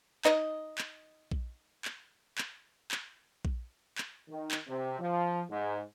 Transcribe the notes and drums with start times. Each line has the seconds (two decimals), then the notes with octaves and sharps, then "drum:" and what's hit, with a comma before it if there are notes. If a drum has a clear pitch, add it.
0.25 D#4 D#5, drum: clap
0.78 drum: clap
1.31 drum: kick A#1
1.85 drum: clap
2.38 drum: clap
2.91 drum: clap
3.45 drum: kick A#1
3.98 drum: clap
4.29 D#3
4.51 drum: clap
4.68 C3
5.00 F3
5.50 G#2